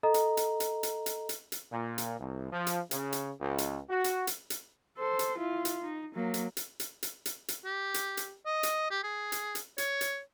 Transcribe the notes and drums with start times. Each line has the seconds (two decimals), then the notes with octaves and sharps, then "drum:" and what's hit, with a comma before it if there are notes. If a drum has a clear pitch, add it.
0.03 A4 D#5 A#5
0.14 drum: hi-hat
0.37 drum: hi-hat
0.60 drum: hi-hat
0.83 drum: hi-hat
1.06 drum: hi-hat
1.29 drum: hi-hat
1.52 drum: hi-hat
1.71 A#2
1.98 drum: hi-hat
2.19 C2
2.51 F3
2.67 drum: hi-hat
2.91 C#3, drum: hi-hat
3.12 drum: hi-hat
3.40 C#2
3.58 drum: hi-hat
3.90 F#4
4.04 drum: hi-hat
4.27 drum: hi-hat
4.50 drum: hi-hat
4.98 A4 C5
5.19 drum: hi-hat
5.38 E4 F4
5.65 drum: hi-hat
5.84 D#4
6.15 F#3 A#3
6.34 drum: hi-hat
6.57 drum: hi-hat
6.80 drum: hi-hat
7.03 drum: hi-hat
7.25 drum: hi-hat
7.48 drum: hi-hat
7.65 G4
7.94 drum: hi-hat
8.17 drum: hi-hat
8.46 D#5
8.63 drum: hi-hat
8.91 G4
9.03 G#4
9.32 drum: hi-hat
9.55 drum: hi-hat
9.78 C#5, drum: hi-hat
10.01 drum: hi-hat